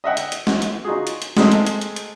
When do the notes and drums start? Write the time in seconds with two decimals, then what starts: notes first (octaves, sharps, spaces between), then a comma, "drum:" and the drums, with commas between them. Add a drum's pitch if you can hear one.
0.04 D#5 E5 F#5 G5
0.17 drum: hi-hat
0.32 drum: hi-hat
0.47 drum: snare
0.62 drum: hi-hat
0.85 D#4 F4 F#4 G#4
1.07 drum: hi-hat
1.22 drum: hi-hat
1.37 G#3 A3 C4 D#4 G#4, drum: snare
1.52 drum: hi-hat
1.67 drum: hi-hat
1.81 drum: hi-hat
1.96 drum: hi-hat